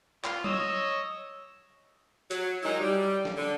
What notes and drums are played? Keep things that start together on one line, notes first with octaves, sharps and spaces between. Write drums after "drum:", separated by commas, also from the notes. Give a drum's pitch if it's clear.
F4, drum: clap
C#5 D#5 E6, drum: tom F#3
F#3, drum: hi-hat
D#3 F#3 G#3 D#4 E4
G3
drum: snare
D3